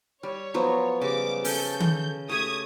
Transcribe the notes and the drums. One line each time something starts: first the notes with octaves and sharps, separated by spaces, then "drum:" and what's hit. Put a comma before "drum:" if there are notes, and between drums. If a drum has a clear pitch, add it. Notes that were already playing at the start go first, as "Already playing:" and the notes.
G3 C#5
F3 F#3 B3
C#3 G3 D6
C#4 A4 G6, drum: open hi-hat
drum: tom D#3
A3 G4 C#5 D#6 G#6